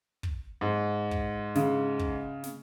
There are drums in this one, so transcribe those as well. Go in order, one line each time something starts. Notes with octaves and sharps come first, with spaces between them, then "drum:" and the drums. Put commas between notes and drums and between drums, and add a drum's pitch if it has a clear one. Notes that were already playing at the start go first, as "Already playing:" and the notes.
drum: kick
G#2
drum: kick
C#3, drum: snare
drum: kick
drum: snare